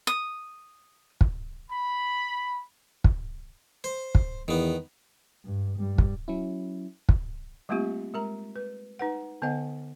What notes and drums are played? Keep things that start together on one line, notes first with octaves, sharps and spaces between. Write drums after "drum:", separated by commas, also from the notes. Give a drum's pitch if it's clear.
D#6
drum: kick
B5
drum: kick
C5
drum: kick
E2 D#3 B3
G2
G2 G3
drum: kick
F#3 C#4 E4
drum: kick
G3 A3 A#3 C4 F4 G4
G#3 A#4 A#5
B4
D#4 B4 F#5
D3 B3 C5 D#5 F#5